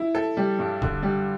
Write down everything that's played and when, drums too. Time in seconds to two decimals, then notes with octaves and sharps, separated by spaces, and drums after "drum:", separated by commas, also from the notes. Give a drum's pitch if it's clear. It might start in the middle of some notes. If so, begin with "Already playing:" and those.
Already playing: E4
0.15 A4
0.37 G3
0.59 G2
0.82 D3, drum: kick D1
1.03 G3